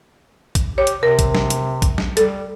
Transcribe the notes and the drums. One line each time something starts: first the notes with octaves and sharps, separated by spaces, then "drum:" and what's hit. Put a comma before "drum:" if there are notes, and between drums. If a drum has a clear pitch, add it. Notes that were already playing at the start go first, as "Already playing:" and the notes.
drum: kick, hi-hat
G4 C#5
drum: hi-hat
C3 A#4
drum: kick, hi-hat
drum: snare
drum: hi-hat
drum: kick, hi-hat
drum: snare
G3 A4, drum: hi-hat